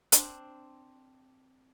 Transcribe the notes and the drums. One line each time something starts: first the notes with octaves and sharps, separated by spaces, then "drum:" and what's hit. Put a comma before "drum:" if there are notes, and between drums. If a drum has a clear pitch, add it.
C4 D4, drum: hi-hat